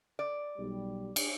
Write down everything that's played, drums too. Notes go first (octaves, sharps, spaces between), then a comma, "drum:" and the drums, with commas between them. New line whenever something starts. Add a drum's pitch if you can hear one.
D5
B1 G3
drum: cymbal